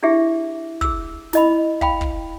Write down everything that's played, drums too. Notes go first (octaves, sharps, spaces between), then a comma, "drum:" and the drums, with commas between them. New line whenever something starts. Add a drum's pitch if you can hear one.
D4 E4 G4 G#4 E5
G#4 E6, drum: kick
E4 D#5 B5, drum: snare
F5 G5 B5, drum: kick
drum: kick